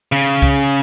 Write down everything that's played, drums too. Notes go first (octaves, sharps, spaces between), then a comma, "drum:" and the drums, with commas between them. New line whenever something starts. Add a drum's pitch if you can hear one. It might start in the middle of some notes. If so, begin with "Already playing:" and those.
C#3
drum: kick C2